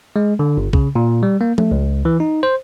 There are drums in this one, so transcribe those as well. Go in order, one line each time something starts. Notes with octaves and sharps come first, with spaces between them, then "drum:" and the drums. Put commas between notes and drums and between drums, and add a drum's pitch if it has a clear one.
G#3
D3
G1
C#3, drum: kick B1
A#2
G3
A#3
A3, drum: tom F3
C#2
E3
D#4
C5